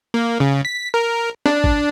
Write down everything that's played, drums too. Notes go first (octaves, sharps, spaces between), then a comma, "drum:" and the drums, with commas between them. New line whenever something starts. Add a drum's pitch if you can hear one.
A#3
C#3
B6
A#4
D4, drum: snare
drum: kick